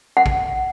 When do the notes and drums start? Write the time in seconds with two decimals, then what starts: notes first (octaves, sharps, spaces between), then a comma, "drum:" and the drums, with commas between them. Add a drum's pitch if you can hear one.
0.17 F#5
0.26 drum: kick A1